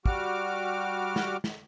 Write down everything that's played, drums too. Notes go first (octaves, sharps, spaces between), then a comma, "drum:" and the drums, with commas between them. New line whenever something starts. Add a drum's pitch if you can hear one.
G3 F#4 D6 F6, drum: kick
drum: snare
drum: snare